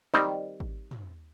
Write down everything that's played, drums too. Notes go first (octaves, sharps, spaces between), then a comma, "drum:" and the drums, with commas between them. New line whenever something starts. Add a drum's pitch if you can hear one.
D#3 G3 C4 D#4, drum: snare
drum: kick G#1
drum: tom